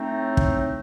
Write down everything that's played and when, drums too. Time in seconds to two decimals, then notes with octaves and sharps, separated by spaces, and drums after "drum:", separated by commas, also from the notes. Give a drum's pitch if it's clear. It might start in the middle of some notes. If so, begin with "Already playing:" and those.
Already playing: A2 A3 C4 D#4
0.37 drum: kick